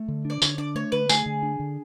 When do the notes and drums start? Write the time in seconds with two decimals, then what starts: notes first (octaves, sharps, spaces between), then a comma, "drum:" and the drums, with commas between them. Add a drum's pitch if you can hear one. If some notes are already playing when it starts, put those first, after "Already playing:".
Already playing: A3
0.08 D3
0.25 D4 D5
0.42 D3 C#5, drum: tambourine
0.58 D4 D5
0.75 A3 C#5
0.92 D3 B4
1.09 A3 G#4, drum: tambourine
1.26 D3
1.43 D4
1.60 D3